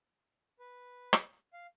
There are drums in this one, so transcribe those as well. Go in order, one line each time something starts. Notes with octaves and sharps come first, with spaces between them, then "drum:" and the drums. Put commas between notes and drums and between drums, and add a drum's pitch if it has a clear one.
B4
drum: rim click
F5